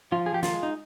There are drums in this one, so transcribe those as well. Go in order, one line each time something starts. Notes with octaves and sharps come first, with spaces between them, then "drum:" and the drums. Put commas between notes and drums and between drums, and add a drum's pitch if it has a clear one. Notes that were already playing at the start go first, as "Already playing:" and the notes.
F3 F4
G#4
F3 G4
F4, drum: snare
G#3
D#4